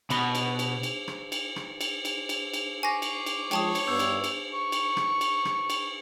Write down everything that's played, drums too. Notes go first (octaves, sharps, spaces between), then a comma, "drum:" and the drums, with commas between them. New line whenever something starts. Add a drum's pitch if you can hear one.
B2 B5, drum: cymbal
drum: cymbal
drum: cymbal
drum: cymbal
drum: rim click
drum: cymbal
drum: rim click
drum: cymbal
drum: cymbal
drum: cymbal
drum: cymbal
G#5 C#6 D6 A#6 C7
drum: cymbal
drum: cymbal
F3 G#3 C#5 G5 A5 D#6, drum: cymbal
drum: cymbal
G2 B3 E6 G6
drum: cymbal
drum: cymbal
C#6
drum: cymbal
drum: rim click
drum: cymbal
drum: rim click
drum: cymbal